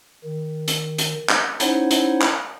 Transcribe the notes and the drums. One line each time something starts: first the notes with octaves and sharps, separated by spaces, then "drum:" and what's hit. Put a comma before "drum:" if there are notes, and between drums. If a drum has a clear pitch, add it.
D#3
drum: hi-hat
drum: hi-hat
drum: clap
C#4 D#4 E4 C5 C#5 F#5, drum: hi-hat
drum: hi-hat
drum: clap